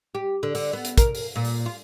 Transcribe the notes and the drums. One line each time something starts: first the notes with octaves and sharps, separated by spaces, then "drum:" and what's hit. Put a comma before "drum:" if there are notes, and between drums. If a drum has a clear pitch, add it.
G4
D3
D3, drum: open hi-hat
B3
drum: hi-hat
A#4, drum: kick, hi-hat
drum: open hi-hat
A#2
drum: open hi-hat
F4